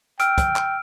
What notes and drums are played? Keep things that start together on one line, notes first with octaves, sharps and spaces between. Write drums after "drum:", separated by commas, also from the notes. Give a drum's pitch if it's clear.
G5 E6 F6 D7, drum: hi-hat
drum: kick, hi-hat
drum: clap